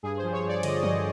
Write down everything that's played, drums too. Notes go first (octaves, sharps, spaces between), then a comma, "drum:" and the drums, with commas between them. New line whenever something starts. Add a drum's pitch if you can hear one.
G2 G#4
C5
F3
C#5
G2
D5
D3 D#5, drum: cymbal
G2 D#5, drum: tom